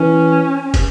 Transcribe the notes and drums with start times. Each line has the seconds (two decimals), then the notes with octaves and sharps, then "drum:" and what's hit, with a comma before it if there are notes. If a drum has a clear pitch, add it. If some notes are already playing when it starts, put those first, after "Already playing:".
Already playing: E3 C#4
0.74 drum: kick, cymbal